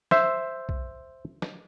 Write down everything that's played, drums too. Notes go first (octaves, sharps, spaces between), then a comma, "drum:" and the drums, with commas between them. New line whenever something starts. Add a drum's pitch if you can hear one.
C5 E5, drum: snare
drum: kick B1
drum: snare